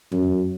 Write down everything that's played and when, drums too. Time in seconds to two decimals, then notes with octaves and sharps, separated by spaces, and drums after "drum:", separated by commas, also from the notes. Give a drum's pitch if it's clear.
0.12 F#2, drum: tom F2